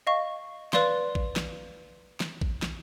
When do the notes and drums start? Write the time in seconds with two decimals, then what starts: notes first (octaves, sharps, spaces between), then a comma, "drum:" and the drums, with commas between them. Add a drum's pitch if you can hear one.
0.07 D#5 F5 C#6
0.73 B4 D5 F5 C6, drum: snare
1.15 drum: kick A1
1.36 drum: snare
2.20 drum: snare
2.41 drum: kick A1
2.62 drum: snare